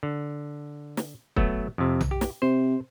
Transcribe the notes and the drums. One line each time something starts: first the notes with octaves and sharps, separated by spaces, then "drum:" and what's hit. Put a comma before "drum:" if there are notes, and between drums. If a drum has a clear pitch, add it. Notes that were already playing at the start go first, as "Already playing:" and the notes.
D3
drum: snare
F#3 A3 B3, drum: kick
F2 C3
drum: tom B1
G4
drum: snare
C3 C5